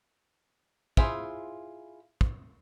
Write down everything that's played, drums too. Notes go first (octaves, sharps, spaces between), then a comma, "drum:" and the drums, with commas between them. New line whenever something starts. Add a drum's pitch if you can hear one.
E4 F4 G#4 C5 E5, drum: kick
drum: kick